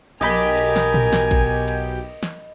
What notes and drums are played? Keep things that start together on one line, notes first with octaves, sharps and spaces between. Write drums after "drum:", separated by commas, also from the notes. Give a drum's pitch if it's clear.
B1 G4 A#4 D#5 G#5 B5
drum: cymbal
drum: snare
drum: tom
drum: snare
drum: kick, cymbal
drum: cymbal
drum: snare